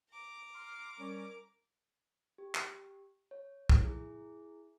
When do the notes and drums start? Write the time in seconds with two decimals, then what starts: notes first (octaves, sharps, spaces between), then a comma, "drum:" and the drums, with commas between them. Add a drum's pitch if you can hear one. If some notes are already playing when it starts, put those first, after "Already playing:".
0.10 A#5 D6
0.55 C6 F6
0.99 G3 C#4 A#4
2.38 G4
2.55 drum: clap
3.31 C#5
3.69 drum: kick
3.83 E4 G#4